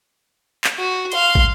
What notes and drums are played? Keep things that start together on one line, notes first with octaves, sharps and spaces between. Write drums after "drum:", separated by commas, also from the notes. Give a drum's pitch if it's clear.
drum: clap
F#4
F5 C6, drum: hi-hat
drum: kick